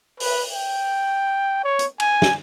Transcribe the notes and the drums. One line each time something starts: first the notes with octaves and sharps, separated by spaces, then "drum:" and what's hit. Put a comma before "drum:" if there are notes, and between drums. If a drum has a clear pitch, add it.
B4, drum: open hi-hat
G5
C#5
drum: hi-hat
G#5, drum: cymbal
drum: snare